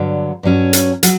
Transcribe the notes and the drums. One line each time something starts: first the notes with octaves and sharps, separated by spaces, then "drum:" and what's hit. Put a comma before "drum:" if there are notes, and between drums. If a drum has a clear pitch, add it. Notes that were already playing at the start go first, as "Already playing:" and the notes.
Already playing: G2 D3 F#3
G2 F#3 C#4
drum: hi-hat
F#3, drum: hi-hat